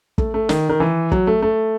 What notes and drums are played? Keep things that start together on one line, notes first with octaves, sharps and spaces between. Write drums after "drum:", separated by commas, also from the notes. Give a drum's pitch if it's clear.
A3, drum: kick
A3
D#3, drum: snare
D#3
E3
F#3, drum: kick
A3
A3